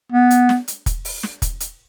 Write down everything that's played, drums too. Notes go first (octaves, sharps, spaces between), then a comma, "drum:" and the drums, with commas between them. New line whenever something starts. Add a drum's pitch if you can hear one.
B3
drum: hi-hat
drum: snare
drum: hi-hat
drum: kick, hi-hat
drum: open hi-hat
drum: snare
drum: kick, hi-hat
drum: hi-hat